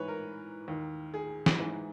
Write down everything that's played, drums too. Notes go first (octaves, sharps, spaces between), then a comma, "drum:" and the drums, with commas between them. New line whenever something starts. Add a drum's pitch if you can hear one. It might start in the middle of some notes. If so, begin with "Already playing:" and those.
Already playing: G#2 E3 B4 C#5
A#4
D#2 D#3
G#4
drum: snare
G#2 E3